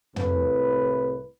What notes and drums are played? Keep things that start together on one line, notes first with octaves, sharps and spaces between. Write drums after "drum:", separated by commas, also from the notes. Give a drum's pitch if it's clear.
C2 A2 B4, drum: tom